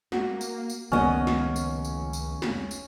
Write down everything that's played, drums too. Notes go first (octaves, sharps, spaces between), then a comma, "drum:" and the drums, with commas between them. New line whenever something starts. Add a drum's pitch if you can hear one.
A#3 F#4, drum: snare
drum: tambourine
drum: tambourine
F1 C#2 D#3 A#3 B3 C#4 D#5
drum: snare
drum: tambourine
drum: tambourine
drum: tambourine
drum: snare
drum: tambourine